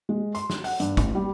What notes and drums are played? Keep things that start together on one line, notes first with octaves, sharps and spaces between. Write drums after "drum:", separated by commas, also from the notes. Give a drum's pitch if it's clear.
G#3
C6, drum: hi-hat
drum: snare
F#5, drum: open hi-hat
G2, drum: hi-hat
A1, drum: kick, hi-hat
G3